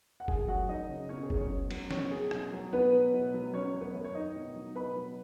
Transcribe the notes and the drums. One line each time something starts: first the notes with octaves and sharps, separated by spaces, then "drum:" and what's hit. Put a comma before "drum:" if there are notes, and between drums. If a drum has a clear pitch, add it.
F#5
F#3 G#4 G#5, drum: kick F#1
F#2 F#4 F#5
F#2 D#4 D#5
C#3
B2 C#4 C#5
G#4
F#3, drum: kick F#1
C#4 C#5
B2
F#3, drum: cymbal
B2 C#4 C#5, drum: snare
F#3 G#4
B2, drum: rim click
F#3
B2 B3 B4
F#3
B2
F#3
F#3 C#4 C#5
F#2 C#5
B3 B4
F#2
C#5
D#3 D#4 D#5
B2
F#3
B2 B4 B5
F#3